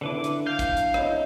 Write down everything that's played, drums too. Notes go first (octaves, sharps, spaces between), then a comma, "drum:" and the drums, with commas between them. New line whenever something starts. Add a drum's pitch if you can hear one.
D3 D4 E4 B4 D6
drum: hi-hat
F5 G6
drum: kick, hi-hat
drum: hi-hat
E4 C#5 D#5, drum: rim click